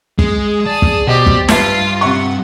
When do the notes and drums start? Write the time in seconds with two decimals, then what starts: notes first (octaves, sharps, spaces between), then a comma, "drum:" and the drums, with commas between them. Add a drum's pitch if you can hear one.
0.19 G#3 G#4, drum: kick
0.66 D5 A5 D#6
0.82 drum: kick
1.07 B2 G4 C5 D#5
1.26 drum: kick
1.49 G2 G3 F4 B4 E5 A5 C7, drum: snare
2.01 C3 E5 F#5 C#6